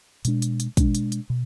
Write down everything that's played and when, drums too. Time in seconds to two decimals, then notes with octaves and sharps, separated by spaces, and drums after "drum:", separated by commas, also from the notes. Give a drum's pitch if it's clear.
0.25 B2 G#3 D4, drum: hi-hat
0.42 drum: hi-hat
0.60 drum: hi-hat
0.77 B2 G#3 D4, drum: kick, hi-hat
0.95 drum: hi-hat
1.12 drum: hi-hat
1.30 B2